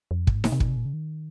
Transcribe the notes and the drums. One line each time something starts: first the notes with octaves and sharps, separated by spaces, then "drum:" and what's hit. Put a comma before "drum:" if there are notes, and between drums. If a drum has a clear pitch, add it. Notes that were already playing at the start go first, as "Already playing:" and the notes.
F2
G2, drum: kick
G#2
A#2, drum: snare D#4
C3
A#2, drum: kick
C3
A#2
C#3
D#3